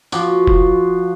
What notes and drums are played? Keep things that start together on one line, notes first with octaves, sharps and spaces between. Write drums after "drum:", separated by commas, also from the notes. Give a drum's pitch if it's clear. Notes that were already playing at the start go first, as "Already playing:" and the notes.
F3 F#4 D6, drum: tambourine
C5, drum: kick F1